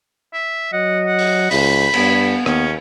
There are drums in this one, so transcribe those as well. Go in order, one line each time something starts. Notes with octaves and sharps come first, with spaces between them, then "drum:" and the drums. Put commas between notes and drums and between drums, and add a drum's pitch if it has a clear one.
E5
F#3 D#5 F#5
F#5
drum: open hi-hat
C#2 B5, drum: open hi-hat
G2 B3, drum: cymbal
D#2 B3 C#4, drum: rim click